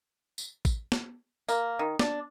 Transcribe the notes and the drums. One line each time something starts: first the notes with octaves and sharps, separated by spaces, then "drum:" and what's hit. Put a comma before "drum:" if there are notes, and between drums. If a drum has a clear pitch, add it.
drum: tambourine
drum: kick A1, tambourine
drum: snare
A#3, drum: tambourine
D#3
D4, drum: snare